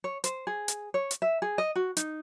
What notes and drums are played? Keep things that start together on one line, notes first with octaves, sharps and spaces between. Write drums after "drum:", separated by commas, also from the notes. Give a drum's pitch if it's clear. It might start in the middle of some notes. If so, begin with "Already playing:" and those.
C#5
C5, drum: hi-hat
G#4
drum: hi-hat
C#5
drum: hi-hat
E5
G#4
D#5
F#4
D#4, drum: hi-hat